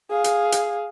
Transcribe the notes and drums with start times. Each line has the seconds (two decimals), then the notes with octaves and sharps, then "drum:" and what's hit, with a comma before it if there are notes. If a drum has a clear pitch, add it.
0.10 G#4 F5
0.24 drum: hi-hat
0.52 drum: hi-hat